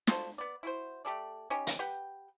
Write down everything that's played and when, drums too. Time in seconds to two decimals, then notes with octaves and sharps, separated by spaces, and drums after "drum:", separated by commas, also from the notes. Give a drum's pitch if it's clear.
0.07 F4 F#4 A4 C5, drum: snare
0.38 B3 D5
0.63 E4 F#4 C5
1.05 A3 G4 A4 D5
1.50 C#4 D#4 G4
1.67 drum: hi-hat
1.79 G4 B4 F#5 G5